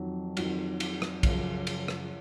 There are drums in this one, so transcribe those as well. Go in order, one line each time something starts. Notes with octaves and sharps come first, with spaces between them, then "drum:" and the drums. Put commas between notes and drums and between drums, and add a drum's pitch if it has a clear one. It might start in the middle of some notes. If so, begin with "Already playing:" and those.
Already playing: F2 D#3 F#3
F2 D#3 F#3, drum: cymbal
drum: cymbal
drum: rim click
F#2 C#3 F3, drum: kick, cymbal
drum: cymbal
drum: rim click